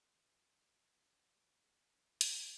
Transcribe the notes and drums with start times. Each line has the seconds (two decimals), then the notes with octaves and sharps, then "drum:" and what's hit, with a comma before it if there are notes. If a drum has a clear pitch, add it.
1.70 F2 A#2 D4 D#4 G4
2.21 drum: hi-hat